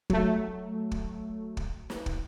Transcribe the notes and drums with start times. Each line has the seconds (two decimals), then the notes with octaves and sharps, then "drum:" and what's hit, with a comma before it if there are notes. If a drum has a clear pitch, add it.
0.10 F#3 A3, drum: kick
0.91 drum: kick
1.57 drum: kick
1.90 drum: snare
2.06 drum: kick